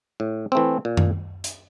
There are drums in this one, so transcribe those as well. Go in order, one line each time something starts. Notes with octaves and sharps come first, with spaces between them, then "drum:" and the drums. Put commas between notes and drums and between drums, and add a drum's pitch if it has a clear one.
A2
E3 A3 C4
A#2
drum: tom F#2
drum: hi-hat